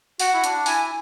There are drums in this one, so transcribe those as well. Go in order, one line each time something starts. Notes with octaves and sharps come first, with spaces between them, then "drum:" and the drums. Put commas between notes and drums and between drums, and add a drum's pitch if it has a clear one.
F#4 F#5, drum: open hi-hat
E4
D4, drum: hi-hat
E4 G#5, drum: open hi-hat